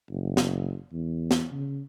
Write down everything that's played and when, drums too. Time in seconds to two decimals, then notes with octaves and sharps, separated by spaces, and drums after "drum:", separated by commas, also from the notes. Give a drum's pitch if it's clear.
0.10 F#1
0.37 drum: snare
0.93 E2
1.31 drum: snare
1.52 C#3